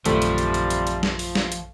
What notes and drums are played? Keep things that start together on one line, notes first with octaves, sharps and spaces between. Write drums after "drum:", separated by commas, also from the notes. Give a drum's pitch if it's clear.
A#1 F#2 C3 D#3 F3 G3 A3, drum: hi-hat
drum: hi-hat
drum: hi-hat
drum: hi-hat
drum: hi-hat
drum: hi-hat
drum: snare
drum: open hi-hat
drum: snare
drum: hi-hat